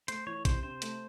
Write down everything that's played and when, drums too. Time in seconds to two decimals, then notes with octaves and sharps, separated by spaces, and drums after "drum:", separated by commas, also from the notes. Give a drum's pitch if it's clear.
0.08 A3 C5, drum: hi-hat
0.26 E3 C#5
0.45 C3 C5, drum: kick, hi-hat
0.63 C3 C5
0.82 A3, drum: hi-hat